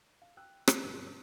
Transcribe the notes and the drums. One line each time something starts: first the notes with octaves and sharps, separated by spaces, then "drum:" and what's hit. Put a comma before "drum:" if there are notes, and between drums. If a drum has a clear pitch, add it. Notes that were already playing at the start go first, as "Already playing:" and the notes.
F5
G5 E6 F#6
C7, drum: rim click
G1 F#2 B2 A#4 D#7